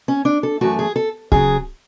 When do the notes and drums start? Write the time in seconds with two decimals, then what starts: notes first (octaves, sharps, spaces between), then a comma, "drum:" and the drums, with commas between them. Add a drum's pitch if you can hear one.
0.08 C#4
0.25 D4
0.43 A4
0.61 F#2 E3 A3 F#4
0.79 G#4
0.96 A4
1.32 C#3 F#3 G#4, drum: kick